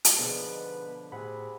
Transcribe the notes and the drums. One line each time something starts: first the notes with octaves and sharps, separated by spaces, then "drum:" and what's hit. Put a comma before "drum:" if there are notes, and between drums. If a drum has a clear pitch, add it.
drum: hi-hat
G#2 B2 D3 F3 B3 G#4 B4 D#5
A2 C3 G#4 F#5 B5